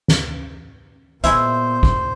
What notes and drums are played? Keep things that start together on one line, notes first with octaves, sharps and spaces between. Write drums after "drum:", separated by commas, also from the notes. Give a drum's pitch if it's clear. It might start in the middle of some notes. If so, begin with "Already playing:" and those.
drum: snare
A#2 G#3 B3 E4 C5 E5, drum: hi-hat
drum: kick